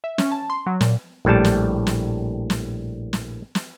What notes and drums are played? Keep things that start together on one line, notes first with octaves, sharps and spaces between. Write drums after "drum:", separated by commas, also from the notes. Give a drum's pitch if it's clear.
E5
C#4, drum: snare
A5
C6
F#3
A#2, drum: snare
A#1 A2 G3 A5
drum: snare
drum: snare
drum: snare
drum: snare
drum: snare